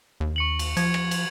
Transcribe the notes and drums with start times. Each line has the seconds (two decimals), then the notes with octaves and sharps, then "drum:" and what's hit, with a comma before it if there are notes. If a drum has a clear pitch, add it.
0.20 D#2
0.36 C#6 C#7 F#7
0.59 drum: cymbal
0.77 F3 G#6, drum: cymbal
0.94 drum: rim click
1.11 drum: cymbal